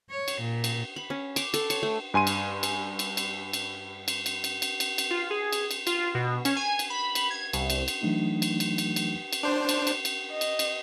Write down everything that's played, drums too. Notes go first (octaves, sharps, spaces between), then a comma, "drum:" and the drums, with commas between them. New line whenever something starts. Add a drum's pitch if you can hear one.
C#5
drum: cymbal
A#2
drum: cymbal
B5
C#4
D6, drum: cymbal
A4, drum: cymbal
C#5, drum: cymbal
A3
G2 G#5 C6 D#7
drum: cymbal
drum: cymbal
drum: cymbal
drum: cymbal
drum: cymbal
drum: cymbal
drum: cymbal
drum: cymbal
drum: cymbal
drum: cymbal
drum: cymbal
F4
G#4
drum: cymbal
drum: cymbal
F4, drum: cymbal
B2
C#4, drum: cymbal
G#5
drum: cymbal
B5
drum: cymbal
G#6
C2, drum: cymbal
drum: cymbal
drum: cymbal
E3 F#3 A3 D4 D#4
drum: cymbal
drum: cymbal
drum: cymbal
drum: cymbal
drum: cymbal
D4 C5
drum: cymbal
drum: cymbal
drum: cymbal
D#5
drum: cymbal
drum: cymbal